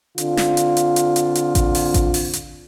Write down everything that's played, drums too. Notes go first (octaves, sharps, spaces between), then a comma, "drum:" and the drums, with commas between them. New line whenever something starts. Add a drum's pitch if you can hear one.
D3 C4 F4, drum: hi-hat
drum: snare
drum: hi-hat
drum: hi-hat
drum: hi-hat
drum: hi-hat
drum: hi-hat
drum: kick A1, hi-hat
drum: open hi-hat
drum: kick A1, hi-hat
drum: open hi-hat
drum: hi-hat